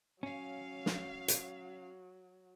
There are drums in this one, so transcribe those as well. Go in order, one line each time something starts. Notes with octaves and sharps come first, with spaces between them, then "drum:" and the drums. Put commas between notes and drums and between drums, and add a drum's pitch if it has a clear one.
F#3 C#4 F5
drum: snare
drum: hi-hat